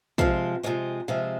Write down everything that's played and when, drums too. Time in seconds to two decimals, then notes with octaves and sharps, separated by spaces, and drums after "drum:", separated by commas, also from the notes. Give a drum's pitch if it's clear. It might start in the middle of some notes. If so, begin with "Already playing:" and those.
0.18 C3 F3 G#3 C4, drum: kick
0.63 C3 F3 G#3 C4
1.08 C3 F3 G#3 C4